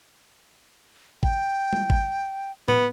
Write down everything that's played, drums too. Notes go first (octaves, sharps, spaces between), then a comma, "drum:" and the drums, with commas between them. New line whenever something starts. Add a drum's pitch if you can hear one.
G5, drum: kick G#1
drum: tom G3
drum: kick G#1
B3, drum: tom A2